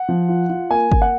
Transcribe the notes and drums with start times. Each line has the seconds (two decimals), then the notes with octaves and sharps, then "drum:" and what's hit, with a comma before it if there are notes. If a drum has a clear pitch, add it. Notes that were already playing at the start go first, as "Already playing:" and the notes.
Already playing: F#5
0.09 F3
0.29 F4
0.50 F4
0.71 A#3 G#5
0.92 A#3, drum: kick G1
1.02 F#5